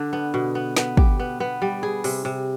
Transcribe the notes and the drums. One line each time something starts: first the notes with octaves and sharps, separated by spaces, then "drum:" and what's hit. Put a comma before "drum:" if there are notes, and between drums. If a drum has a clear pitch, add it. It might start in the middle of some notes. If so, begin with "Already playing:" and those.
Already playing: D3 D4
B3
B2
B3
B3, drum: snare
G4, drum: kick
B3
B3
G3
G#4
C3, drum: open hi-hat
C3